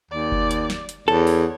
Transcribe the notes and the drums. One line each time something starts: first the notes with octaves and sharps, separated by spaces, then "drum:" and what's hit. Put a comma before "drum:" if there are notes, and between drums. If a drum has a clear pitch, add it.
D#2 D5
drum: kick F#1
drum: hi-hat
drum: snare
drum: hi-hat
E2 A4 C#5
drum: open hi-hat